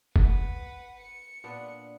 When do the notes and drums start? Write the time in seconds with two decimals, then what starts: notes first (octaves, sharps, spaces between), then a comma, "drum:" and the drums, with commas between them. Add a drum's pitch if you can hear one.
0.16 B4 F#5, drum: kick F#1
1.01 C#7
1.44 A#2 B3 D4